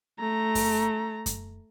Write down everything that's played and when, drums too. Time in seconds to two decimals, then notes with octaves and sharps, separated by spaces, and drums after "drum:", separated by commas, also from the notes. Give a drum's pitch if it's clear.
0.20 A3 A#5
0.55 drum: kick F#2, open hi-hat
1.26 drum: kick F#2, hi-hat